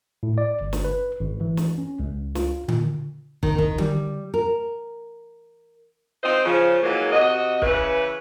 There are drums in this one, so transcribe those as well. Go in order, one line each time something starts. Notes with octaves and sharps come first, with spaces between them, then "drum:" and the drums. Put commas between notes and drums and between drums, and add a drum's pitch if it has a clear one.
A2
D5
G1
drum: snare
B4
G#1
E3
drum: snare
C#4
C#2
F4, drum: snare
A#2, drum: tom D3
D#3, drum: kick
D#3, drum: kick
G3, drum: tom D3
A#4
C4 D#4 F4 C5 D#5
C#3 F3
E3 F#3 G#3 A#3
C3 F#4 D#5
C#3 E3 C#4 B4, drum: kick